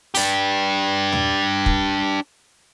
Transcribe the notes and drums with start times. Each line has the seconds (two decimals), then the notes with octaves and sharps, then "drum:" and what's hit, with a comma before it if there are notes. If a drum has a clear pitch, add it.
0.15 D4 G4, drum: open hi-hat
1.12 drum: tom
1.66 drum: kick